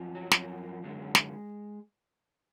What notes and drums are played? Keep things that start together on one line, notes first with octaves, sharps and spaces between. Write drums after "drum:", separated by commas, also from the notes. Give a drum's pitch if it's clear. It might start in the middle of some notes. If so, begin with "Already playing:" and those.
Already playing: F#2 F3
F#3
F#2 F3, drum: snare
F#2 D3 F#3 G#3
drum: snare